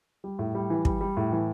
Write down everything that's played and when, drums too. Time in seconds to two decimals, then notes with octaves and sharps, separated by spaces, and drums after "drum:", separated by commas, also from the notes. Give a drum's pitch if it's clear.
0.24 G3
0.39 A2
0.55 G3
0.70 E3
0.85 G3, drum: kick
1.01 G3
1.17 A2
1.32 E3